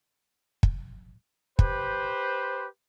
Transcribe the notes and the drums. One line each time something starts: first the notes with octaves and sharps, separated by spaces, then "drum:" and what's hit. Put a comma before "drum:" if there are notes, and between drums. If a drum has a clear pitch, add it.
drum: kick
G4 B4 C5, drum: kick